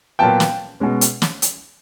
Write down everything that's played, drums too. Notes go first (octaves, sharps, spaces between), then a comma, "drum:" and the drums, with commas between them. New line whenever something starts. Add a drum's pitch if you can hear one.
A#2 F#3 B3 G5 A5
drum: snare
B2 G#3 C#4
drum: hi-hat
drum: snare
drum: hi-hat